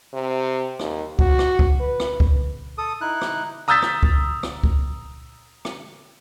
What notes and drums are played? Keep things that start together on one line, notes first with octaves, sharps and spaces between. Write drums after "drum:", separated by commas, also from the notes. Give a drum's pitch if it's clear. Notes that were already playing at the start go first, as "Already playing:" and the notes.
C3
D#2, drum: rim click
F#4, drum: kick
drum: rim click
drum: kick
B4
drum: rim click
drum: kick
A4 D#6
D#4 E4 F#6
drum: rim click
A#5 D#6 E6 G6 A6 B6
drum: rim click
drum: kick
drum: rim click
drum: kick
drum: rim click